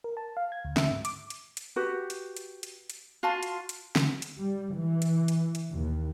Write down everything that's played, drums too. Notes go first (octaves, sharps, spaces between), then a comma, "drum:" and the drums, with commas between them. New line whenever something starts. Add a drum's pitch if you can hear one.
A#4
A5
F5
G#6
D2
E5, drum: snare
G#2
D6, drum: hi-hat
drum: hi-hat
drum: hi-hat
F#4 G4 B4
drum: hi-hat
drum: hi-hat
drum: hi-hat
drum: hi-hat
F4 F#4 A5 C6
drum: hi-hat
drum: hi-hat
drum: snare
drum: hi-hat
G3
E3
drum: hi-hat
drum: hi-hat
drum: hi-hat
D#2